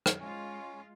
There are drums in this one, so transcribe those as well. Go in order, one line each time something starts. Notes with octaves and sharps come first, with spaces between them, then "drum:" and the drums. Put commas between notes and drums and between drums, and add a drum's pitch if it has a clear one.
drum: rim click
G#3 C#4 F4